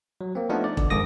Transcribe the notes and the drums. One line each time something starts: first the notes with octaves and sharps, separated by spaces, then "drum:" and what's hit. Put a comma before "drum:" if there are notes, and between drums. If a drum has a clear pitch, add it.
F#3
A#3 C4
F3 A3 B3 D4 D#4
D5
D3, drum: kick E1
F2 G#2 D#3 D6 D#6 A#6